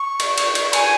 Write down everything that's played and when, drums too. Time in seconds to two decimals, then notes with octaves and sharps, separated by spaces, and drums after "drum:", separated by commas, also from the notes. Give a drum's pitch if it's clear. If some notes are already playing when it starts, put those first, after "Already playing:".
Already playing: C#6
0.20 drum: cymbal
0.38 drum: cymbal
0.55 drum: cymbal
0.73 G#5, drum: cymbal